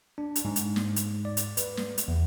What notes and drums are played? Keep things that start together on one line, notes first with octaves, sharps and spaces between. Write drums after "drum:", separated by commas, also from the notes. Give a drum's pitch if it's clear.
D4
drum: hi-hat
G#2
drum: hi-hat
drum: snare
drum: hi-hat
D5
drum: hi-hat
B4, drum: hi-hat
drum: snare
drum: hi-hat
E2